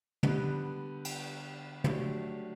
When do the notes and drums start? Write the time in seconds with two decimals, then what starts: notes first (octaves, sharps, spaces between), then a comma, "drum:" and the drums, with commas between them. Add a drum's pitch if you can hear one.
0.23 D3 G3 B3, drum: tom
1.05 drum: cymbal
1.84 F#3 A3 D4 G4, drum: tom